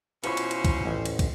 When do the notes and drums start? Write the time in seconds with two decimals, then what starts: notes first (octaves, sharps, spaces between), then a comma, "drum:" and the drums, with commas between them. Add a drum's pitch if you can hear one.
0.24 B2 C#4 E4 F4 C5 B5 C#6, drum: cymbal
0.37 drum: cymbal
0.51 drum: cymbal
0.65 drum: kick, cymbal
0.85 A1
1.05 drum: cymbal
1.19 drum: kick, cymbal